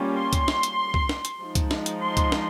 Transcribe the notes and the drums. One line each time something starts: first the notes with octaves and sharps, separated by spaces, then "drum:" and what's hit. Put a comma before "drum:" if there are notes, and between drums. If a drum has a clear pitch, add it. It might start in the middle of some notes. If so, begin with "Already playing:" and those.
Already playing: G3 A#3 C#4 F4
C6
drum: kick, hi-hat
drum: snare
drum: hi-hat
drum: kick
drum: snare
drum: hi-hat
F3 G#3 D#4
drum: kick, hi-hat
drum: snare
drum: hi-hat
C6
drum: kick, hi-hat
drum: snare